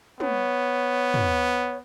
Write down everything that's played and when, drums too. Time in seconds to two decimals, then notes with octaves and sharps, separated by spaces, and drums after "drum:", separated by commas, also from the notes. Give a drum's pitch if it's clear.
0.20 B3 C#5, drum: tom
1.14 drum: tom